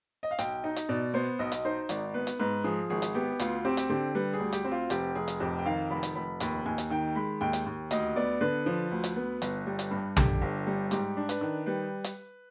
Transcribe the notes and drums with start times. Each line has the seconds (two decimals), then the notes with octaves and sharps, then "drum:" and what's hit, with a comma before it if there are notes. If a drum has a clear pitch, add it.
0.23 D#5
0.31 F5
0.39 B1 G5, drum: hi-hat
0.64 D#4 D#5
0.76 drum: hi-hat
0.89 B2 D5
1.14 B3 C5
1.39 B1 D#5
1.52 drum: hi-hat
1.65 D#4 C5
1.89 G#1 D5, drum: hi-hat
2.14 B3 B4
2.27 drum: hi-hat
2.40 G#2 B4
2.64 F3 G#4
2.90 G#1 G#4
3.02 drum: hi-hat
3.15 B3 G4
3.40 D2 F4, drum: hi-hat
3.65 C4 G4
3.77 drum: hi-hat
3.89 D3 G4
4.15 G3 B4
4.33 G#4
4.40 D2
4.53 G4, drum: hi-hat
4.65 C4
4.71 F4
4.90 F1 G4, drum: hi-hat
5.15 F1 G#4
5.28 drum: hi-hat
5.40 F2 G4
5.59 G5
5.65 D#3 F5
5.90 F1 B5
6.03 drum: hi-hat
6.15 F1 B5
6.40 D#2 B5, drum: hi-hat
6.66 D#2 G#5
6.78 drum: hi-hat
6.90 D#3 G5
7.15 G#3 B5
7.41 D#2 G5
7.53 drum: hi-hat
7.66 D#2
7.91 D2 D#5, drum: hi-hat
8.16 B3 D5
8.41 D3 B4
8.66 F3
8.91 D2
9.04 drum: hi-hat
9.16 B3
9.42 G1, drum: hi-hat
9.66 G3
9.79 drum: hi-hat
9.91 G2
10.16 D3 G4, drum: tom
10.42 G1
10.67 G3
10.91 G#2 G4, drum: hi-hat
11.17 D4
11.29 B4, drum: hi-hat
11.41 D#3
11.66 G3 B4
12.04 drum: hi-hat